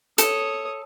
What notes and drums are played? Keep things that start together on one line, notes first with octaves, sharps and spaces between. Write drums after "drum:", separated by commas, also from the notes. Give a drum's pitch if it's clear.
A4 C#5 D#6, drum: hi-hat